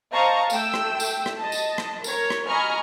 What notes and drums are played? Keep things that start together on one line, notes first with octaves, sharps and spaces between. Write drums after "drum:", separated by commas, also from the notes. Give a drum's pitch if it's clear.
C5 D#5 F5 A5 A#5 C#6
A3 G5 E6, drum: tambourine
drum: rim click
drum: tambourine
drum: rim click
D#5 A5
drum: tambourine
drum: rim click
A#4 C#5, drum: tambourine
drum: rim click
D#5 G#5 A#5 B5 C#6 F6